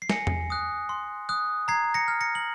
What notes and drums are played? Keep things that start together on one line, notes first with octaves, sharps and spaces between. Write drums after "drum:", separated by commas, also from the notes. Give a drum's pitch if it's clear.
C7
G#5 A#6 C#7, drum: snare
drum: tom E2
D#6 F#6
C6
D#6 F#6
A#5 G#6 C7
A#6 C#7
F6
A#6 C#7
F#7